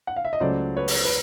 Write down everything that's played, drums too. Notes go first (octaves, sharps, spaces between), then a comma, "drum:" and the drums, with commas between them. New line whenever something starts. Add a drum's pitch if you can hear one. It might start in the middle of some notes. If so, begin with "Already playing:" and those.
F#5
F5
E5
D#5
C#2 C#3 F#3 A3 C5 D5
B4 C#5
drum: open hi-hat
B4